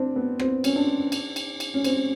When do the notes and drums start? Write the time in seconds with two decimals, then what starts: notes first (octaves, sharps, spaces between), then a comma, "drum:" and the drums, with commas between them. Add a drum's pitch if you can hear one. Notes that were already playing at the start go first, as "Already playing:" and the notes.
Already playing: C4 D4
0.16 B3
0.39 C4, drum: rim click
0.64 C#4, drum: cymbal
0.76 D4
1.12 drum: cymbal
1.36 drum: cymbal
1.60 drum: cymbal
1.74 C#4
1.84 C4, drum: cymbal